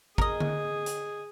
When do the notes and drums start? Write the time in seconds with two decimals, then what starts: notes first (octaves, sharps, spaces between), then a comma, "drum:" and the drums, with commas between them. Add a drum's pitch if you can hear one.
0.18 G#4 A#4 D#5, drum: kick G#1
0.40 drum: tom D3
0.86 drum: hi-hat